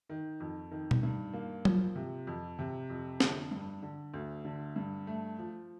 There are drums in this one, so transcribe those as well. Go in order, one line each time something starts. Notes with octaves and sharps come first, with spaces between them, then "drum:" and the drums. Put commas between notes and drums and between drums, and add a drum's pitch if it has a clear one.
D#3
F2
D#3
drum: tom B2
G2
A#3
F3, drum: tom F#3
C3
F2
C3
F2
D3, drum: snare
G2
D3
D2
D3
G2
A3
F3